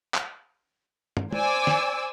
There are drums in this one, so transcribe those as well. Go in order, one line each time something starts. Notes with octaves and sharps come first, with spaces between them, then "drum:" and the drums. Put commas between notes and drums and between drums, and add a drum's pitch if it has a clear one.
drum: clap
drum: tom
C5 D5 G#5 D6 E6, drum: tom
drum: snare